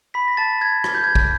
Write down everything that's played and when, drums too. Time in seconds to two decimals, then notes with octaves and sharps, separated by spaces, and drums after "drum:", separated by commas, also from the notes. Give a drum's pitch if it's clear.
0.14 B5 B6
0.28 A#6
0.37 A5 A6
0.61 G#6
0.84 A5 D6 F6 G#6, drum: rim click
0.95 G6
1.04 G#6
1.15 drum: kick